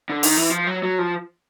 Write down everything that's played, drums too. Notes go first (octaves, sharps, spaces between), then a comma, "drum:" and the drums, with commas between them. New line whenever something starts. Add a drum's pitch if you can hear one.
D3
D#3, drum: open hi-hat
E3
F3
F#3
F#3
F3